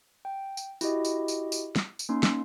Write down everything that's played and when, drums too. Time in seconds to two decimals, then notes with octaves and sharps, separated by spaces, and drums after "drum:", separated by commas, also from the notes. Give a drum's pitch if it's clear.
0.25 G5
0.57 drum: tambourine
0.81 E4 F#4 G4 D#5, drum: tambourine
1.05 drum: tambourine
1.28 drum: tambourine
1.52 drum: tambourine
1.76 drum: snare
1.99 drum: tambourine
2.09 A#3 C#4 D#4 C6
2.23 drum: snare